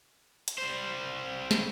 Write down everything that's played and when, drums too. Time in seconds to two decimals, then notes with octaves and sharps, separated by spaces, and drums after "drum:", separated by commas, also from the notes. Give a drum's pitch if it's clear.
0.48 drum: hi-hat
0.58 G3 C5
1.51 drum: snare